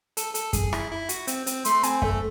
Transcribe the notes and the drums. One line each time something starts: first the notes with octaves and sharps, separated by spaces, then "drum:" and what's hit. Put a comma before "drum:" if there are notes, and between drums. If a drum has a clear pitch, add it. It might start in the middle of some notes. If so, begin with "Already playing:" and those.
A4, drum: hi-hat
A4, drum: hi-hat
G#4, drum: kick F#2, hi-hat
E4, drum: rim click
E4
F#4, drum: hi-hat
C4, drum: hi-hat
C4, drum: hi-hat
A3 C6, drum: hi-hat
C4 G#5, drum: hi-hat
A3 A4, drum: kick F#2